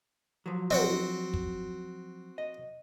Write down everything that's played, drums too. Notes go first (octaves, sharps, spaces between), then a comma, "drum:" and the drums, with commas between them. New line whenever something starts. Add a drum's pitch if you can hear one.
F3 F#3
C4 F#4 F#5, drum: tom
drum: kick
D#5